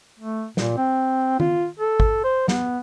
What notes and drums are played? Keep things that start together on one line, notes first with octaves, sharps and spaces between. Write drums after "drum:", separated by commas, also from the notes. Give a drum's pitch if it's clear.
A3
A#2, drum: snare
C4
F4, drum: tom D#3
A4
drum: kick
C5
B3, drum: snare